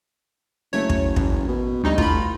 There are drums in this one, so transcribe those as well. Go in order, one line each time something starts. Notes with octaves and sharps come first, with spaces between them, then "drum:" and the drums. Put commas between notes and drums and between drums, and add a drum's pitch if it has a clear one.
F#1 A3 C#5
drum: kick
A1, drum: kick
B2
D2 G2 D#4 D#5
A2 F4 B5, drum: kick